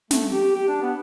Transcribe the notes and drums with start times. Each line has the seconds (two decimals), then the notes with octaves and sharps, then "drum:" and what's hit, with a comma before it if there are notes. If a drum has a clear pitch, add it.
0.11 A3, drum: snare
0.29 G4
0.55 G4
0.69 D4
0.82 B3